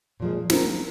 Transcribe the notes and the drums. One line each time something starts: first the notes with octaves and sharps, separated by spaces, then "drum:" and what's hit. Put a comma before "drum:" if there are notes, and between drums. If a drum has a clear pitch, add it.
A#2 F3 G#3
F3 C4 F4 A#4, drum: snare